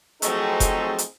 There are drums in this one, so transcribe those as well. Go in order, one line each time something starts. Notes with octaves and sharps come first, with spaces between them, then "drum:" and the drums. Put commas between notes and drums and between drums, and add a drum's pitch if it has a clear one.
F3 F#3 A3 C4 D#4 G#4, drum: hi-hat
drum: kick F1, hi-hat
drum: hi-hat